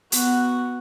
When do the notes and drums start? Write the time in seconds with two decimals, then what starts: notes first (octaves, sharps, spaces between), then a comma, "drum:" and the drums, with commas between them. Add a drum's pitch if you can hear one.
0.12 B3 F#4, drum: hi-hat